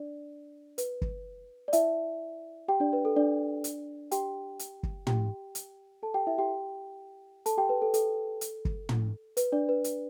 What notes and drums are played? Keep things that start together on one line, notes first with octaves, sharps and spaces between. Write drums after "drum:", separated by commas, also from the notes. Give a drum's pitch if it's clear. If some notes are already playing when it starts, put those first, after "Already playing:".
Already playing: D4 D5
B4, drum: hi-hat
drum: kick
D5
E4 E5, drum: hi-hat
G4 G5
D4 D5
B4
A4
D4 D5
drum: hi-hat
G4 G5, drum: hi-hat
drum: hi-hat
drum: kick
G4 G5, drum: tom
drum: hi-hat
A4 A5
G4 G5
E4 E5
G4 G5
A4 A5, drum: hi-hat
G4 G5
B4
A4
A4, drum: hi-hat
drum: hi-hat
drum: kick
drum: tom
B4, drum: hi-hat
D4 D5
B4
drum: hi-hat